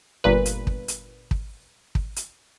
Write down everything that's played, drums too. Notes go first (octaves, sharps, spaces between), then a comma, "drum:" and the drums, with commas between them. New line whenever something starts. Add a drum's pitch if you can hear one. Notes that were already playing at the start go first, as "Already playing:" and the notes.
G1 A#2 B4
drum: hi-hat
drum: kick
drum: hi-hat
drum: kick
drum: kick
drum: hi-hat